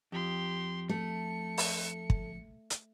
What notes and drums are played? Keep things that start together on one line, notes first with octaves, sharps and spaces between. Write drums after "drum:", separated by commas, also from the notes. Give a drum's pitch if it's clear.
F2 G4 C6
A3 C#7
drum: open hi-hat
drum: kick
drum: hi-hat